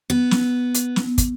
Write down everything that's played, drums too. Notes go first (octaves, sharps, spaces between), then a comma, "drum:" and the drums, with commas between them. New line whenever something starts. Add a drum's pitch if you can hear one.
B3
drum: snare
drum: hi-hat
drum: snare
drum: kick, hi-hat